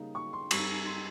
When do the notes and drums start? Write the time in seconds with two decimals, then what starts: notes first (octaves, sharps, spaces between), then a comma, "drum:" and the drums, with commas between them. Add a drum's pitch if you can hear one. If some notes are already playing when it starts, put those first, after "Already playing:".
Already playing: C#3 G3 A#3 D#4
0.15 C#6
0.33 C6
0.51 G2 G3 C4 D#4 C#6, drum: cymbal
0.86 C6